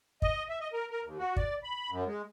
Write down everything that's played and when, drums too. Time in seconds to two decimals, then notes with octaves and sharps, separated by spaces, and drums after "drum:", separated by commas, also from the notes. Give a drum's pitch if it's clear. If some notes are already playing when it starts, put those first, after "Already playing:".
0.22 D#5, drum: kick
0.49 E5
0.61 D#5
0.73 A#4
0.90 A#4
1.04 D#2
1.19 F#4
1.37 D5, drum: kick
1.63 B5
1.90 F#2
2.07 G#3